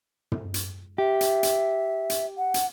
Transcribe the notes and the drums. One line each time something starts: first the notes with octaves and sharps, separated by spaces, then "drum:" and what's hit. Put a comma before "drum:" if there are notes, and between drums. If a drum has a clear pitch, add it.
drum: tom
drum: hi-hat
G4 E5
drum: hi-hat
drum: hi-hat
drum: hi-hat
F#5
drum: hi-hat